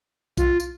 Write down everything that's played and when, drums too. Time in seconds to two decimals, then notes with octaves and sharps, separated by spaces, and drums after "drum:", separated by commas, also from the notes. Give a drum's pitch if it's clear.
0.37 F4, drum: kick B1, tambourine
0.60 drum: tambourine